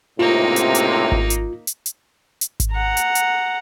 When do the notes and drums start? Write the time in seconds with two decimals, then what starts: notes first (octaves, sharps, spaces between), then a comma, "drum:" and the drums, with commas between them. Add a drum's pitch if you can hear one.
0.19 C#2 A2 C3 A#3 D#4 F4
0.56 drum: hi-hat
0.75 drum: hi-hat
1.12 drum: kick G#1
1.30 drum: hi-hat
1.67 drum: hi-hat
1.86 drum: hi-hat
2.41 drum: hi-hat
2.60 drum: kick G#1, hi-hat
2.71 F#5 A#5
2.97 drum: hi-hat
3.15 drum: hi-hat